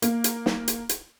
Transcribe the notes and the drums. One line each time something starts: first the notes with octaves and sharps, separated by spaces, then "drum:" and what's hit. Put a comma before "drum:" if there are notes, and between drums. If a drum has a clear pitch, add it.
A#3, drum: hi-hat
drum: hi-hat
drum: snare
drum: hi-hat
drum: hi-hat